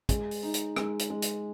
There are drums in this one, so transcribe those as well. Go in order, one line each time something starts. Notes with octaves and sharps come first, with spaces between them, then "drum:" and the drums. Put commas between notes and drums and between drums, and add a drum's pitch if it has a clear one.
G#3, drum: kick, hi-hat
drum: open hi-hat
D#4
drum: hi-hat
G#3, drum: rim click
drum: hi-hat
G#3
drum: hi-hat